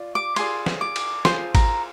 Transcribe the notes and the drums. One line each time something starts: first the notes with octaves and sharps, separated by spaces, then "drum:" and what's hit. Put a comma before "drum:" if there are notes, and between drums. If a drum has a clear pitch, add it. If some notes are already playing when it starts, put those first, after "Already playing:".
Already playing: F4 D5
D6
F4 G#4 D5 C6, drum: cymbal
drum: snare
D6
drum: cymbal
F4 G#4 C5 C6, drum: snare
A#5, drum: kick G#1, cymbal